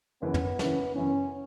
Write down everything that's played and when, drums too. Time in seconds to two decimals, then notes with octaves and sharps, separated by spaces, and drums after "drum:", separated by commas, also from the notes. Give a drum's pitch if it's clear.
0.22 F#1 F#2 E3 B3
0.34 drum: tom
0.59 F#1 F#2 E3, drum: snare
0.95 F#1 F#2 E3 C#4